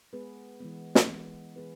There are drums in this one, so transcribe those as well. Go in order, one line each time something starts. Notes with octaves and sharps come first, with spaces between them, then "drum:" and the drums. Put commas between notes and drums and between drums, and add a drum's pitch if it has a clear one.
G#3 B3 G#4 B4
E3 G#3 B3
drum: snare
E3 G#3 B3
E3 B3 G#4 B4